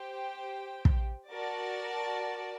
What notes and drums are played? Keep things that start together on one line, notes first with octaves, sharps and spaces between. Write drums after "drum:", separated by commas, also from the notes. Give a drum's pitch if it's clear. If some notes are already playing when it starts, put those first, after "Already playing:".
Already playing: G4 C5 G5
drum: kick
F#4 A#4 D5 A5